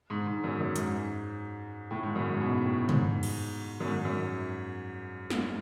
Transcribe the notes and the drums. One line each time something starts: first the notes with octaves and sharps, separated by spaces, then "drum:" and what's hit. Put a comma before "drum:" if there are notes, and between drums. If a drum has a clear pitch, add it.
G#2
G#2
F#2
F#2
G#2, drum: hi-hat
A2
G#2
F#2
G#2
B2
A2
G#2, drum: tom
drum: cymbal
F#2
G#2
F#2
drum: snare